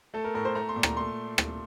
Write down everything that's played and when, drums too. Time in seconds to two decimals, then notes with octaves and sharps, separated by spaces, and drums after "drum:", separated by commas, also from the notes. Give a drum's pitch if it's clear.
0.14 A3 A4
0.24 A#4
0.34 A2 A#4
0.45 C5
0.55 A3 A#5
0.69 C6
0.76 A#2
0.83 A#5, drum: rim click
0.97 A3 C6
1.38 drum: rim click